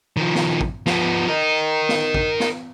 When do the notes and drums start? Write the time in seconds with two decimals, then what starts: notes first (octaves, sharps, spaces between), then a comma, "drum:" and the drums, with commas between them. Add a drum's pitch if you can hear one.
0.17 D#3 F3
0.35 drum: snare
0.61 drum: kick
0.86 F3 B3, drum: snare
1.28 A#4 D#5
1.89 drum: snare
2.14 drum: kick
2.40 drum: snare